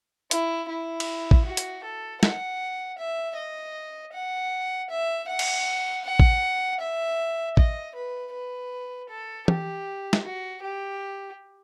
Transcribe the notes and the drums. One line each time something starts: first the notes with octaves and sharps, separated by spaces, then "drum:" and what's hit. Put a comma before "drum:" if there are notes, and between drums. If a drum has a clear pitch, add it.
E4, drum: hi-hat
E4
drum: cymbal
drum: kick A1
F#4
drum: hi-hat
A4
F#5, drum: snare
E5
D#5
F#5
E5
F#5
drum: cymbal
F#5
drum: kick A1
E5
D#5, drum: kick A1
B4
B4
A4
G4, drum: tom
drum: snare
F#4
G4